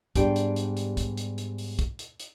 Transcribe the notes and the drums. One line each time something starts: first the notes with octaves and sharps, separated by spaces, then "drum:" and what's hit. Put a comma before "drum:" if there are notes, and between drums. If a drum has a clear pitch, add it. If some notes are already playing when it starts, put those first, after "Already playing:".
G#2 G3 B3 D4 G4 G5, drum: kick, hi-hat
drum: hi-hat
drum: hi-hat
drum: hi-hat
drum: kick, hi-hat
drum: hi-hat
drum: hi-hat
drum: open hi-hat
drum: kick, hi-hat
drum: hi-hat
drum: hi-hat